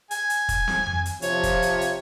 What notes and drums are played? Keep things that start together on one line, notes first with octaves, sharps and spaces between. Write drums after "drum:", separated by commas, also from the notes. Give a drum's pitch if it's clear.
G#5, drum: hi-hat
drum: hi-hat
drum: kick, hi-hat
drum: snare C4
drum: tom F2
drum: hi-hat
C3 F3 C#5, drum: hi-hat
drum: kick, hi-hat
drum: hi-hat
drum: hi-hat